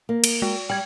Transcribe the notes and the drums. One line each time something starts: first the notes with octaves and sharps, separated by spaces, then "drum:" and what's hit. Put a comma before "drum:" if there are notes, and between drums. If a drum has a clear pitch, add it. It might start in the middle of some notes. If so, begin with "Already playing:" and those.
A#3
D7 F7 G7, drum: cymbal
G#3
G3 G5 G#6